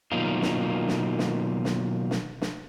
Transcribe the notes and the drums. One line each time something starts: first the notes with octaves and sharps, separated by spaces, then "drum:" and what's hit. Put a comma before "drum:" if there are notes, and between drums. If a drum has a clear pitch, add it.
B2 D#3 F#3 A#3 D#4 F4
drum: snare
drum: snare
drum: snare
drum: snare
drum: snare
drum: snare